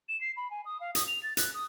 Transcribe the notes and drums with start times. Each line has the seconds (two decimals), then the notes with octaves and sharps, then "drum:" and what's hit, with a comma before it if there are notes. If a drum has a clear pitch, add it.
0.09 E7
0.21 C7
0.37 B5
0.50 G#5
0.65 D#6
0.80 F5
0.95 D#6, drum: hi-hat
1.07 F7
1.23 A6
1.37 F#6, drum: hi-hat
1.54 D#6